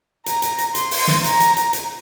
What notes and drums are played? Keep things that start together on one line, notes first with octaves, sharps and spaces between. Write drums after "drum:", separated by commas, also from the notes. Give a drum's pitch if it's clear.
A#5, drum: hi-hat
drum: hi-hat
drum: hi-hat
C6, drum: hi-hat
drum: open hi-hat
drum: snare
A#5, drum: hi-hat
drum: hi-hat
drum: hi-hat
drum: hi-hat